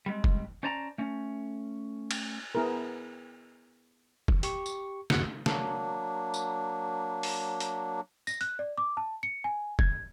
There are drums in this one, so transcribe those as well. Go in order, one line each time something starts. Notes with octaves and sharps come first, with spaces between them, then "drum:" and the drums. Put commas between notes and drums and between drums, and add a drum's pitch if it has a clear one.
G3 G#3 C4
drum: kick
C#4 C5 D5 A5 A#5
A3 C#4
drum: cymbal
B3 E4 G#4 A#4
drum: kick
G4 C#6, drum: hi-hat
drum: tambourine
G1 D#2 C#3 F#4 F#6 C#7, drum: snare
F#3 A#3 D4, drum: snare
drum: tambourine
drum: open hi-hat
drum: hi-hat
A#6, drum: tambourine
F#6, drum: hi-hat
D5
D6
A5
C#7
G#5
G#6, drum: kick